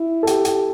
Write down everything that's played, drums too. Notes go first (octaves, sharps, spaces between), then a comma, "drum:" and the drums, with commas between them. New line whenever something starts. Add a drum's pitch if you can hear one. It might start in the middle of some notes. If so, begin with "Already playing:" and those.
Already playing: E4
A4
G4, drum: hi-hat
G4, drum: hi-hat